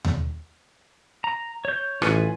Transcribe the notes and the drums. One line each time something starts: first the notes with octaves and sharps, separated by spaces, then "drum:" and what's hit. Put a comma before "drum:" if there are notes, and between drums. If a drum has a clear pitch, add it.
drum: tom D#2
A#5
C#5 G6
A1 F4 B4 G#5, drum: rim click